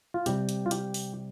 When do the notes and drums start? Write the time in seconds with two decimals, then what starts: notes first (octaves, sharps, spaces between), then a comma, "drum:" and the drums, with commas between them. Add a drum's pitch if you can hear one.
0.14 F4
0.26 C3 G3 G4, drum: hi-hat
0.49 drum: hi-hat
0.66 F4
0.71 G4, drum: hi-hat
0.94 drum: open hi-hat